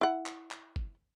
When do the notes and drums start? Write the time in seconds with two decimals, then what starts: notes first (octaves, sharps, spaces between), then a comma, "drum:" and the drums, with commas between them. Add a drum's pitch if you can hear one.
0.01 E4 F#5
0.26 drum: clap
0.51 drum: clap
0.76 drum: kick G1